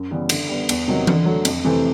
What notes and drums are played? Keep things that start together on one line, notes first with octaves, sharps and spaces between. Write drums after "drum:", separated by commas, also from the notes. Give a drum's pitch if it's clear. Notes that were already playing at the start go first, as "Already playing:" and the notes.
Already playing: F#2
C#3 E3 G3 B3
D3, drum: cymbal
G3 B3
E2, drum: cymbal
C3 D#3 F#3
D3, drum: tom E3
F#3 A3
F2, drum: cymbal
C3 E3 A3 C4